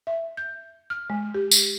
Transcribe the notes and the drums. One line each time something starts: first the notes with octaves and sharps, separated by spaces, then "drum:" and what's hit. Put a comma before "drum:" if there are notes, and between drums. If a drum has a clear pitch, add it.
E5
G6
F6
G#3
G4
drum: tambourine